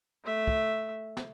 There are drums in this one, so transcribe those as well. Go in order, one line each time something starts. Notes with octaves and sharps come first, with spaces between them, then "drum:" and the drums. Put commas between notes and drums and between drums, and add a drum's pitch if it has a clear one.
A3 E5
drum: kick
drum: snare